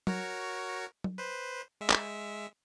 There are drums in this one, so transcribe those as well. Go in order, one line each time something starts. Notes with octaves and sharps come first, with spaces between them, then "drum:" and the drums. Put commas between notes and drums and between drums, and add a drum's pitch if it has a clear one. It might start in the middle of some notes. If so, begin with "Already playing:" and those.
F#4 A#4 C#5, drum: tom F#3
drum: tom F#3
B4 C5
G#3 E5
drum: clap